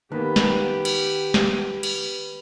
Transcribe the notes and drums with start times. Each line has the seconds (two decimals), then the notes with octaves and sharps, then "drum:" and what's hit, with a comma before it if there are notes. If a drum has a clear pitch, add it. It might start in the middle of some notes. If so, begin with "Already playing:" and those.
0.12 D#3 A#3 B3 G4 B4
0.36 drum: snare
0.85 drum: cymbal
1.34 drum: snare
1.83 drum: cymbal